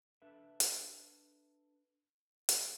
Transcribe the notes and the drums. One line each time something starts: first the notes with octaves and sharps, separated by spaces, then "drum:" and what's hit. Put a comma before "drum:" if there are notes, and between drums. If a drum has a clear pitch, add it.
D4 A4 B4 E5
drum: hi-hat
drum: hi-hat